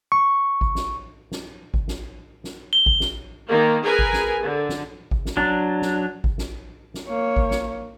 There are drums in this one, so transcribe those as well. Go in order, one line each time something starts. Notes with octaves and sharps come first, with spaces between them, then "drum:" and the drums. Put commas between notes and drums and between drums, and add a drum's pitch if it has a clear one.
C#6
drum: kick G#1
drum: snare
drum: snare
drum: kick G#1
drum: snare
drum: snare
G7
drum: kick G#1
drum: snare
D#3 A#3
G#4 A#4 B4 G#5
drum: kick G#1
drum: snare
D3
drum: snare
drum: kick G#1
drum: snare
F#3 D4
drum: snare
drum: kick G#1
drum: snare
drum: snare
A#3 C#5
drum: kick G#1
drum: snare